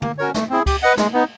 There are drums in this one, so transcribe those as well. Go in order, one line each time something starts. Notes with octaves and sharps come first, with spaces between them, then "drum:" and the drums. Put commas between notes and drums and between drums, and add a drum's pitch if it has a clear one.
A#3, drum: tom
C#4 F#4 A#4 C#5
A3, drum: snare
C4 E4 G#4
G4, drum: kick C#2, cymbal
B4 D#5 F#5
G#3, drum: snare
B3 D#4